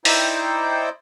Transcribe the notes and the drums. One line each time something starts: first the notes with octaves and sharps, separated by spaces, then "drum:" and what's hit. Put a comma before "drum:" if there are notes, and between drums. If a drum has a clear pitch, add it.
D#4 E4 C5 D5 G5, drum: open hi-hat